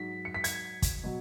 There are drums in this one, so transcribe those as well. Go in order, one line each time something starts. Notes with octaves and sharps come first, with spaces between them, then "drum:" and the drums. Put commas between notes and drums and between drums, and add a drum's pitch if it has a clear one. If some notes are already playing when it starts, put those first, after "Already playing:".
Already playing: G#2 F#3 B6
C#7
B6
G#6, drum: hi-hat
drum: kick, hi-hat
B2 F#3